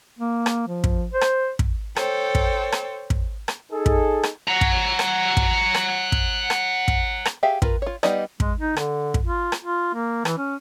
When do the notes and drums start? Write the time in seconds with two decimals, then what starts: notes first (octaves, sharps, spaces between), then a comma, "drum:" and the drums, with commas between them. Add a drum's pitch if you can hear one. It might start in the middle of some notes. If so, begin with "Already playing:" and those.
0.19 A#3
0.46 drum: rim click
0.68 F3
0.84 drum: kick
1.12 C5
1.21 drum: rim click
1.59 drum: kick
1.96 A4 C5 C#5 G5, drum: rim click
2.35 drum: kick
2.72 drum: rim click
3.10 drum: kick
3.48 drum: rim click
3.72 D#4 G#4 A4
3.86 drum: kick
4.23 drum: rim click
4.48 F#5 A#5
4.61 drum: kick
4.99 drum: rim click
5.37 drum: kick
5.74 drum: rim click
6.12 drum: kick
6.50 drum: rim click
6.88 drum: kick
7.25 drum: rim click
7.43 G4 G#4 E5 F5
7.62 F4 A#4 B4, drum: kick
7.82 F4 C#5
8.03 G3 B3 D#4 D5 D#5, drum: rim click
8.40 G#3, drum: kick
8.59 D#4
8.76 D3, drum: rim click
9.14 drum: kick
9.26 F4
9.52 drum: rim click
9.62 F4
9.94 A#3
10.25 E3, drum: rim click
10.38 C#4